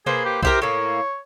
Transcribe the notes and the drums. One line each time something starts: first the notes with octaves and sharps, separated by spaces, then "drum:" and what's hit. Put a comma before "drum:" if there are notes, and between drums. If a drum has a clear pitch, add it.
A#3 G#4 B4 C5, drum: tom B2
G4
E4 G4 A#4 C5, drum: kick B1
A2 A#3 C#5